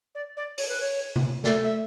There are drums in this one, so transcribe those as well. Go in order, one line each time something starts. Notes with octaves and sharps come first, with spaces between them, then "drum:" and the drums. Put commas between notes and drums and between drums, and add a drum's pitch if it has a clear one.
D5
D5
C#5, drum: open hi-hat
B4
C#5
drum: tom C3
A3 D5, drum: snare
E5